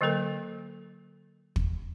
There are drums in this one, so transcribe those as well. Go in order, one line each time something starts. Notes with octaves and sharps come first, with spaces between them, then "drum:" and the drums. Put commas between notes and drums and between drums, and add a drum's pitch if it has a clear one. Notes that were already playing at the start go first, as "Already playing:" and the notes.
D3 F#3 A#3 A4 A#4
drum: kick